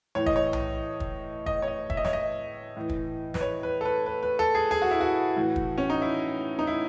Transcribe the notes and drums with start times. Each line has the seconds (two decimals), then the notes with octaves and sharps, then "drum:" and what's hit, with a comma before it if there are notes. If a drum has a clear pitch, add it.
0.15 A2 E3 C#5
0.26 D#5, drum: kick
0.36 C#5
0.53 drum: tom B1
1.00 drum: kick
1.46 D#5, drum: kick
1.62 C#5
1.68 D#5
1.90 E5, drum: kick
1.97 D#5
2.05 C#5, drum: snare
2.13 D#5
2.77 A2 E3
2.89 drum: kick
3.34 B4, drum: snare
3.41 C#5
3.63 B4
3.81 A4
3.85 B4
4.06 B4
4.23 B4
4.39 A4
4.55 G#4
4.71 G#4
4.82 F#4
4.91 E4
5.01 F#4
5.36 A2 E3
5.56 drum: kick
5.78 C#4
5.90 D#4
6.02 E4
6.59 D#4
6.67 E4